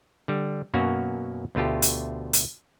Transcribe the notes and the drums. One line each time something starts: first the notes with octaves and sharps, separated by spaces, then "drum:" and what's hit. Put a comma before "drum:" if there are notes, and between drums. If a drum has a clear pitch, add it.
D3 G3
F#2 B2 F#3 A#3 C#4 F#4
D2 B2 A3 F4 G4
drum: hi-hat
drum: hi-hat